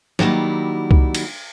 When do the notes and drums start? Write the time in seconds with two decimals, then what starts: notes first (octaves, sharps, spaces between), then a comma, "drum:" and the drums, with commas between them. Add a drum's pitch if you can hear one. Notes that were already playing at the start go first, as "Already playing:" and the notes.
0.19 D#3 F#3 G3 A#3 E4, drum: snare
0.91 drum: kick C2
1.15 drum: cymbal